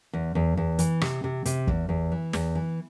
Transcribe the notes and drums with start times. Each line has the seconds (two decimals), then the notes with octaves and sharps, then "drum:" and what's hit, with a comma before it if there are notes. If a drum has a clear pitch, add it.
0.13 E2
0.35 E2
0.57 E2
0.79 E3, drum: hi-hat
1.01 C3, drum: rim click
1.24 C3
1.45 C3, drum: hi-hat
1.67 E2, drum: kick
1.89 E2
2.12 E3
2.33 E2, drum: snare
2.55 E3